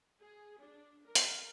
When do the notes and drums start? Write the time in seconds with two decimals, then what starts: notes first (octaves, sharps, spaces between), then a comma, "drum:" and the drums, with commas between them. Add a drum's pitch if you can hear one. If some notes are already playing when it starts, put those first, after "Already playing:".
0.22 G#4
0.61 D4
1.05 A#4
1.15 drum: hi-hat